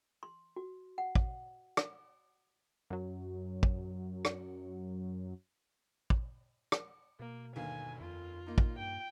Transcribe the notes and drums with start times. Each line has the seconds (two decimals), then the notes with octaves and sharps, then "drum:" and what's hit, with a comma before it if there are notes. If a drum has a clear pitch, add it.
0.23 C6
0.56 F#4
0.98 F#5
1.15 drum: kick
1.77 drum: rim click
2.90 F#2 F#3
3.63 drum: kick
4.25 drum: rim click
6.10 drum: kick
6.72 drum: rim click
7.20 B2 A#3
7.56 G1 D#2 F5 G#5
8.01 F2 F4
8.47 A#3 D#4
8.58 drum: kick
8.79 G2 G5